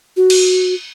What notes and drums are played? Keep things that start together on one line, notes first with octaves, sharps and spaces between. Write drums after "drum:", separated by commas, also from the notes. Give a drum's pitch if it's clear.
F#4
drum: cymbal